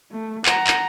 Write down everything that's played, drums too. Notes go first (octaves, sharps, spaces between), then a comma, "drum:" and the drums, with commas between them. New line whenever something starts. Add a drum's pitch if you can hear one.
A3
F#5 A#5, drum: clap
drum: clap